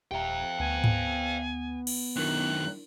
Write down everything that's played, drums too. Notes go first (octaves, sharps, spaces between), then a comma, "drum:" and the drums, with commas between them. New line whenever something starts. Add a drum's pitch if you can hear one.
D#1 G4 E5 F5 G5 A#5
D2 B3 G#5
drum: tom G#2
drum: cymbal
F#2 D#3 D4 E4 A#4 F#6